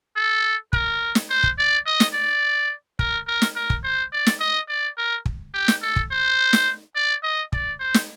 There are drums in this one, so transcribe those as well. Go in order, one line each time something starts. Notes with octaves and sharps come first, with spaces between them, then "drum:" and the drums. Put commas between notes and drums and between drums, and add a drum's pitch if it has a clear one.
A4
A#4, drum: kick
drum: snare
C5
drum: kick
D5
D#5
drum: snare
D5
A#4, drum: kick
A#4
drum: snare
A#4
drum: kick
C5
D5
drum: snare
D#5
D5
A#4
drum: kick
G4
drum: snare
A4
drum: kick
C5
drum: snare
D5
D#5
D5, drum: kick
C5
drum: snare